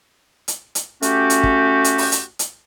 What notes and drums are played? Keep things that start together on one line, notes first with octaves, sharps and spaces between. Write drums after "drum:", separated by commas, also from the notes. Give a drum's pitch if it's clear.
drum: hi-hat
drum: hi-hat
A3 C#4 F#4 G4, drum: hi-hat
drum: hi-hat
drum: kick
drum: hi-hat
drum: open hi-hat
drum: hi-hat
drum: hi-hat